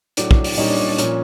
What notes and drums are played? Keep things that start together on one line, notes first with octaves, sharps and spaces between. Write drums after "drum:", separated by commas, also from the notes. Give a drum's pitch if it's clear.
A2 F#3 D4, drum: hi-hat
drum: kick
drum: open hi-hat
A#2 G3 C#4 D#4
D4
C#4
D4
A#2 F3 C#4, drum: hi-hat